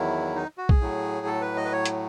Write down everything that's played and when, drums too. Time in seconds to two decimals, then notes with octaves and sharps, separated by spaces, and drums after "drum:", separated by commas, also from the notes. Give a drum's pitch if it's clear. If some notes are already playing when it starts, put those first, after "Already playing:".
Already playing: E2 D#3 F#3 E4
0.35 D#4
0.58 F#4
0.69 G#4, drum: kick B1
0.81 A2 F#3
1.26 A4
1.41 B4
1.57 D#5
1.65 B4
1.72 C#5
1.86 drum: hi-hat